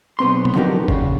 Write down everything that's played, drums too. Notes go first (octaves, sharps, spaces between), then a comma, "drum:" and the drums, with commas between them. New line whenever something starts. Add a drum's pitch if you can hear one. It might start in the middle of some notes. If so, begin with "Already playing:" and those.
B1 B3 C4 C6
drum: tom C3
D3 F3 F#3 D#4 G4 A#4
A#2 C#3, drum: kick